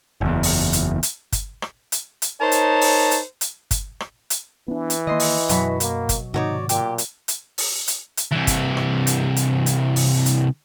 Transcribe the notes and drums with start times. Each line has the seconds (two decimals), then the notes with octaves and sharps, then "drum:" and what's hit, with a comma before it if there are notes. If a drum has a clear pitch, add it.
0.21 F#1 E2
0.43 drum: open hi-hat
0.73 drum: hi-hat
1.03 drum: hi-hat
1.32 drum: kick, hi-hat
1.62 drum: rim click
1.92 drum: hi-hat
2.22 drum: hi-hat
2.41 D#4 A#4 C5 C#5 A5
2.52 drum: hi-hat
2.81 drum: open hi-hat
3.11 drum: hi-hat
3.41 drum: hi-hat
3.71 drum: kick, hi-hat
4.00 drum: rim click
4.30 drum: hi-hat
4.68 E3 B3 D4
4.90 drum: hi-hat
5.07 D#3 A#3 D#5 C6
5.20 drum: open hi-hat
5.49 F#2 B2 F#3 F#4 B5, drum: hi-hat
5.80 A#3, drum: hi-hat
6.09 drum: kick, hi-hat
6.34 G#2 C3 D#3 D#4 F#4 C#5 D5
6.69 A#2 G4, drum: hi-hat
6.98 drum: hi-hat
7.28 drum: hi-hat
7.58 drum: open hi-hat
7.88 drum: hi-hat
8.17 drum: hi-hat
8.32 C2 E3
8.47 drum: kick, hi-hat
8.77 drum: rim click
9.07 drum: hi-hat
9.36 drum: hi-hat
9.66 drum: hi-hat
9.96 drum: open hi-hat
10.26 drum: hi-hat